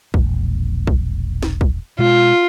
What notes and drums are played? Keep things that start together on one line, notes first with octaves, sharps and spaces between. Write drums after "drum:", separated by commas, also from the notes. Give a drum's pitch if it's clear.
E1 A#1, drum: kick B1
drum: kick B1
drum: snare
drum: kick B1
B2 G#3 F4